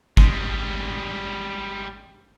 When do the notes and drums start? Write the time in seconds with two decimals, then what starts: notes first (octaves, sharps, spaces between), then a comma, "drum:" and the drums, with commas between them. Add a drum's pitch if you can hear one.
0.17 G3 G#3, drum: kick